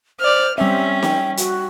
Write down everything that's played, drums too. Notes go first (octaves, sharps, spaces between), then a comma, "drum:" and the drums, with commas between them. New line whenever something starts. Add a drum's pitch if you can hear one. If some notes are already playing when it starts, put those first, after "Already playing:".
C5 D5 F6
G3 C4 C#4 E5
G5, drum: snare
F#4, drum: hi-hat